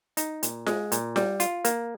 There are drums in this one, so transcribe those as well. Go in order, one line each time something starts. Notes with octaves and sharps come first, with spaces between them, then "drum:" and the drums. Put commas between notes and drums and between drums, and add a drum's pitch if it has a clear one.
D#4, drum: hi-hat
A#2, drum: hi-hat
G#3, drum: snare F4
A#2, drum: hi-hat
G3, drum: snare F4
F4, drum: hi-hat
A#3, drum: hi-hat